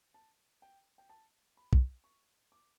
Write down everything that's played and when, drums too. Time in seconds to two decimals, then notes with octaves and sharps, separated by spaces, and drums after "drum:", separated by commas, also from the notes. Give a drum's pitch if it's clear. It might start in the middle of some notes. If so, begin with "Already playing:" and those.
0.14 A5
0.62 G5
0.98 G5
1.09 A5
1.57 B5
1.73 drum: kick
2.04 C#6
2.52 D6